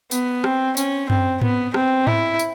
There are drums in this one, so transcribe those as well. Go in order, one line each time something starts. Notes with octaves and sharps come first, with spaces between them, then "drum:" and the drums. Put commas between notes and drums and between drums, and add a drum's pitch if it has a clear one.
B3, drum: tambourine
C4, drum: rim click
C#4, drum: tambourine
C4, drum: tom F#2
B3, drum: tom G#2
C4, drum: rim click
E4, drum: tom G#2
drum: tambourine